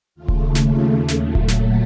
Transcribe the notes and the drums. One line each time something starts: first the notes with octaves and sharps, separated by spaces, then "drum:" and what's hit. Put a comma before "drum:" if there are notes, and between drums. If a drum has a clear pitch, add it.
D#2 C#3 A3 F4
drum: kick D#1
drum: snare
F4
drum: snare
A#2 F#3 A3 F4
drum: kick D#1
drum: snare